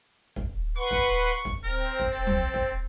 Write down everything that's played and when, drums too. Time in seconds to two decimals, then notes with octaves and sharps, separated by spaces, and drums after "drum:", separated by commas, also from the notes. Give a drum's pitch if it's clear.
0.36 drum: kick
0.77 B4 F#5 C6 C#6
0.91 drum: kick
1.45 drum: kick
1.64 C4 A#4
1.99 drum: kick
2.12 A4
2.27 drum: tom
2.54 drum: kick